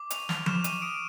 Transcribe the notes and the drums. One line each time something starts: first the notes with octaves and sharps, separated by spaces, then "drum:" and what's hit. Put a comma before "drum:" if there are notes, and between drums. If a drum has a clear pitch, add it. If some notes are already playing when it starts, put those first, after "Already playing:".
Already playing: D6
C#6 F7, drum: hi-hat
F6 F7, drum: snare
F6 E7, drum: tom F3
C#6 D#7, drum: hi-hat
D#6 D7